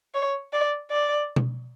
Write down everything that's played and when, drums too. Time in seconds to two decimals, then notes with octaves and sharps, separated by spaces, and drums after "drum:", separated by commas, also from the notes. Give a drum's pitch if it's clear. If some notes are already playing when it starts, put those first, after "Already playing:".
0.15 C#5
0.53 D5
0.91 D5
1.36 drum: tom B2